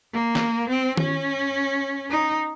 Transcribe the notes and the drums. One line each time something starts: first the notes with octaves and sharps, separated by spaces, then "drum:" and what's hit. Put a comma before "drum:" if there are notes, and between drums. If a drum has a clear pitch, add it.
A#3
drum: snare
C4
C#4, drum: tom D#3
D#4